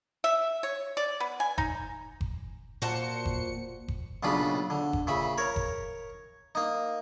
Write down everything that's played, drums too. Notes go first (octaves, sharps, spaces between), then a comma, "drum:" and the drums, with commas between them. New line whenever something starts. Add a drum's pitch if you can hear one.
E5
C#5
D5
B3
G#5
D#4, drum: kick F#1
drum: kick F#1
A#2 F#4 C5 A5 C#7
drum: kick F#1
drum: kick F#1
B1 A#2 C#3 D4 F4 B5
D3
drum: kick F#1
A#2 C#3 E5 B5
A#4 C#5
drum: kick F#1
A#3 D#4